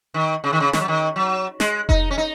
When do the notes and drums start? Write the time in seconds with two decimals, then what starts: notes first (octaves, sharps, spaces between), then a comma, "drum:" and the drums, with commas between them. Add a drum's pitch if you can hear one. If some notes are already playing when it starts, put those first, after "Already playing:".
0.14 D#3
0.44 C#3
0.53 D#3
0.60 C#3
0.73 D#3, drum: snare
0.81 F#3
0.88 D#3
1.16 F#3
1.60 G#3, drum: snare
1.89 D#4, drum: kick F1
2.11 C#4
2.18 D#4